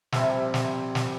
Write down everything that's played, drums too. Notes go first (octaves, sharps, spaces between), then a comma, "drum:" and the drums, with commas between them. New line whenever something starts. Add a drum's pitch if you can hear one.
C3 F3 G3 E4, drum: snare
drum: snare
drum: snare